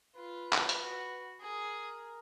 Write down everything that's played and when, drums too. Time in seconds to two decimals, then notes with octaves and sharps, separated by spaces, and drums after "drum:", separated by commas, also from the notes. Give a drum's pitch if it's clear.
0.16 F4 B4
0.53 drum: clap
0.69 drum: hi-hat
0.79 F#4
1.41 G#4 A#4